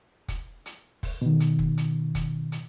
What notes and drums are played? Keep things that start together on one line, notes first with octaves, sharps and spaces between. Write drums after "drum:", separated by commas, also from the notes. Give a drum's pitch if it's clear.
drum: kick F1, hi-hat
drum: hi-hat
drum: kick F1, open hi-hat
B2 D#3
drum: hi-hat
drum: kick F1
drum: hi-hat
drum: kick F1, hi-hat
drum: hi-hat